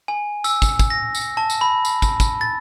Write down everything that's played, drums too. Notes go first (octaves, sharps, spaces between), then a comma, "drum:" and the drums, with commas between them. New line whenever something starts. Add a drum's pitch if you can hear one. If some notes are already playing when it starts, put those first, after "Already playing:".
G#5
E6, drum: tambourine
drum: kick, tambourine
drum: kick, tambourine
A#6
drum: tambourine
A5
drum: tambourine
B5
drum: tambourine
drum: kick, tambourine
drum: kick, tambourine
A6